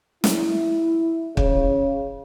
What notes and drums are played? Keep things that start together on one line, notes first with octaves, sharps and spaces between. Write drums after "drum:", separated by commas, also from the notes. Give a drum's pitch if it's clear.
E4, drum: snare
C#3, drum: kick